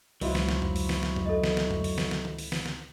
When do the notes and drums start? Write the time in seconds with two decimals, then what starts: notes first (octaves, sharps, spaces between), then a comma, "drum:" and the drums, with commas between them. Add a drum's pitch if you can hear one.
0.21 C#2 G#2 F#3 E4 F4, drum: open hi-hat
0.35 drum: snare
0.49 drum: snare
0.62 drum: tom F2
0.76 drum: open hi-hat
0.89 drum: snare
1.03 drum: snare
1.16 drum: tom F2
1.26 A4 D#5
1.44 drum: snare
1.57 drum: snare
1.71 drum: tom F2
1.84 drum: open hi-hat
1.98 drum: snare
2.11 drum: snare
2.25 drum: tom D#3
2.38 drum: open hi-hat
2.52 drum: snare
2.66 drum: snare